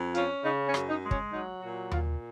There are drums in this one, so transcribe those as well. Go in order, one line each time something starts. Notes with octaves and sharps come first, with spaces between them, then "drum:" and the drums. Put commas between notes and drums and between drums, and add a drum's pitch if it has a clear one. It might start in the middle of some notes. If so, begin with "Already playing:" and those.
Already playing: F2
C#4 F4, drum: hi-hat
C#3 D#4
C#4
F#2, drum: rim click
D#4
G#3
C#4, drum: kick
F#3 D#4
A#2 F#4
A#2 F4, drum: tom D#2